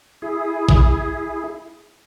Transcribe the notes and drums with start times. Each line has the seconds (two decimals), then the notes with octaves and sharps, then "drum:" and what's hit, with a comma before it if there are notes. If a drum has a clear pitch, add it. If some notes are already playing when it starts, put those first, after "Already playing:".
0.22 E4 G#4
0.69 drum: kick